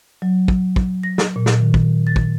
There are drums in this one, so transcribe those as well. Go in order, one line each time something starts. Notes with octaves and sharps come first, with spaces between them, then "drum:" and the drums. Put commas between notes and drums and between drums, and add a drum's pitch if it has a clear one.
F#3
drum: kick
drum: kick
A#6
drum: snare
A#2
drum: snare
D#3
drum: kick
A6
drum: kick